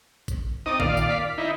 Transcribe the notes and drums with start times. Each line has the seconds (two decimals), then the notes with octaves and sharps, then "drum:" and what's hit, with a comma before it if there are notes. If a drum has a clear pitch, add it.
0.28 drum: kick, tambourine
0.66 C4 D#4 D6 D#6 A6
0.80 A#2 D#3 D5 F5, drum: kick
0.97 drum: tambourine
1.10 B6
1.38 D#4 E4